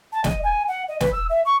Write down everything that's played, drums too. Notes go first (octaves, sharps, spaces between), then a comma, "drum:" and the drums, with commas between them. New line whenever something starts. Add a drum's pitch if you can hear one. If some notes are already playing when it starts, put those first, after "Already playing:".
A5
D#5, drum: snare
G#5
F#5
D#5
B4, drum: snare
E6
E5
C#6